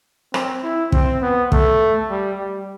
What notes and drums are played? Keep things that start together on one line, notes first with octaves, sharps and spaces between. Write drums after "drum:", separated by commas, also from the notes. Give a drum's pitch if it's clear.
C4, drum: rim click
E4
C4, drum: kick
B3
A3, drum: kick
G3
G3